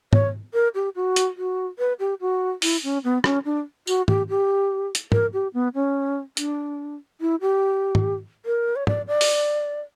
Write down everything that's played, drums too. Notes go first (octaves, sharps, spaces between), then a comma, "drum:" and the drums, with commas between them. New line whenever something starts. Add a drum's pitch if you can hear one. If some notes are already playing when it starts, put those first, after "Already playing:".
C#5, drum: tom G#2
A#4
G4
F#4
drum: hi-hat
F#4
B4
G4
F#4
E4, drum: open hi-hat
C#4
B3
C#4, drum: rim click
D4
F#4, drum: tambourine
G4, drum: tom G#2
G4
drum: hi-hat
A#4, drum: tom
G4
B3
C#4
D4, drum: hi-hat
E4
G4
drum: tom G#2
A#4
C#5
D5, drum: tom
D5
drum: open hi-hat